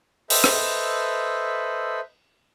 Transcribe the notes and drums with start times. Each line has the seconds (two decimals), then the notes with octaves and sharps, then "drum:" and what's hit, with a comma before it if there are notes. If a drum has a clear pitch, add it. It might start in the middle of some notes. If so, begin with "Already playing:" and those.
0.30 A4 B4 C5 D#5 E5, drum: open hi-hat
0.44 drum: rim click